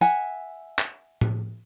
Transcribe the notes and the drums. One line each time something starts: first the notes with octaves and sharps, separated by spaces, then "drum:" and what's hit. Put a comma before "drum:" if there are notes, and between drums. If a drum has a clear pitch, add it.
E5 F#5 G#5, drum: tambourine
drum: clap
drum: tom A2